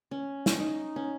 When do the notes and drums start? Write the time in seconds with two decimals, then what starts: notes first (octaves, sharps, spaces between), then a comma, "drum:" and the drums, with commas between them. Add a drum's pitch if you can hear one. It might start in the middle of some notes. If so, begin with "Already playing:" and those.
0.11 C#4
0.46 drum: snare
0.60 D#4
0.96 C#4